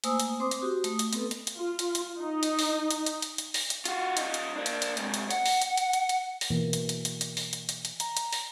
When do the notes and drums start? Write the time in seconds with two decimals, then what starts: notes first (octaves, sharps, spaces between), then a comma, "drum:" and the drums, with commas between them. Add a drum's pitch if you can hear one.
0.04 A3 A#3 C5 G#5 D#6 E6, drum: hi-hat
0.20 drum: hi-hat
0.40 C4 C5 C6 D6 D#6
0.51 drum: hi-hat
0.62 F#4 G4
0.84 A3 D#6, drum: hi-hat
0.99 drum: hi-hat
1.13 B3 C4 A4 B4, drum: hi-hat
1.31 drum: hi-hat
1.47 drum: hi-hat
1.58 F4
1.79 drum: hi-hat
1.95 drum: hi-hat
2.19 D#4
2.43 drum: hi-hat
2.59 drum: open hi-hat
2.91 drum: hi-hat
3.06 drum: hi-hat
3.22 drum: hi-hat
3.38 drum: hi-hat
3.54 drum: open hi-hat
3.70 drum: hi-hat
3.85 F4 F#4, drum: hi-hat
4.17 D#4 F4, drum: hi-hat
4.34 drum: hi-hat
4.56 A#3 D4
4.66 drum: hi-hat
4.82 drum: hi-hat
4.97 G#2 C3, drum: hi-hat
5.14 drum: hi-hat
5.31 F#5, drum: hi-hat
5.46 drum: open hi-hat
5.62 drum: hi-hat
5.77 drum: hi-hat
5.93 drum: hi-hat
6.09 drum: hi-hat
6.41 drum: open hi-hat
6.50 B2 E3 A#3
6.73 drum: hi-hat
6.89 drum: hi-hat
7.05 drum: hi-hat
7.21 drum: hi-hat
7.37 drum: open hi-hat
7.53 drum: hi-hat
7.69 drum: hi-hat
7.85 drum: hi-hat
8.00 A#5, drum: hi-hat
8.17 drum: hi-hat
8.33 drum: open hi-hat